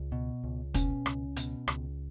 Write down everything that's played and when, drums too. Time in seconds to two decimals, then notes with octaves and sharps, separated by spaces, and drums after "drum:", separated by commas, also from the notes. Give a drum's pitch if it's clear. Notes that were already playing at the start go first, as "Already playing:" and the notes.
Already playing: C#2
0.12 B2
0.44 C#2
0.74 B2 C#4, drum: kick, hi-hat
1.06 C#2, drum: rim click
1.36 B2, drum: hi-hat
1.68 C#2, drum: rim click